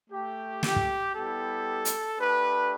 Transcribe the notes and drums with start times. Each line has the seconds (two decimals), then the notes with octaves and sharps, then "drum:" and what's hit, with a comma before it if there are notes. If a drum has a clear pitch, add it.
0.10 A3 G4
0.63 G4, drum: snare
0.76 drum: kick
1.14 G3 B3 E4 G4 A4
1.85 drum: hi-hat
2.18 A3 D4 G4 B4